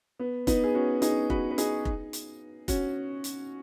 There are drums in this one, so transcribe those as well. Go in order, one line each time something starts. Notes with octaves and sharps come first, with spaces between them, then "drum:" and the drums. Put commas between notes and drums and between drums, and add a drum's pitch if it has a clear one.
B3
B3 D#4, drum: kick F1, hi-hat
G#4
C#4 F#4
D#4 G#4, drum: hi-hat
F#4 B4, drum: kick F1
B4
D#4 G#4, drum: hi-hat
drum: kick F1
drum: hi-hat
C#4 F#4, drum: kick F1, hi-hat
drum: hi-hat